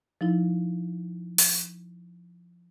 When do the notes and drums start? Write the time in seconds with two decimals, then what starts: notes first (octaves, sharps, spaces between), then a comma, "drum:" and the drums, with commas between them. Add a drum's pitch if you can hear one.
0.21 F3 D#4 E4
1.38 drum: open hi-hat